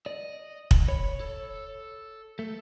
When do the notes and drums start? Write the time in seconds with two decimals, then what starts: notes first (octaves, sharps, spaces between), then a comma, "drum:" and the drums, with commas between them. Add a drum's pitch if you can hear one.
0.06 D5 D#5
0.71 drum: kick
0.88 C#5 B5
1.20 A4
2.39 A3 A4